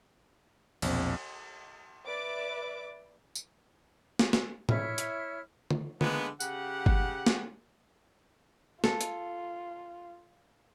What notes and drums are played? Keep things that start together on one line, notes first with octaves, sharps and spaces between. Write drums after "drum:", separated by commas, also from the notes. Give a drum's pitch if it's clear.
A#1 E2 B2 C4, drum: cymbal
B4 D5 E5 D6
drum: tambourine
drum: snare
drum: snare
E4 C#5 E5 F6, drum: tom A2
drum: hi-hat
drum: tom
D3 G#3 A#3 B3, drum: tom
C#3 G4 F#5, drum: tambourine
drum: kick G1
drum: snare
F4 A4, drum: snare
drum: hi-hat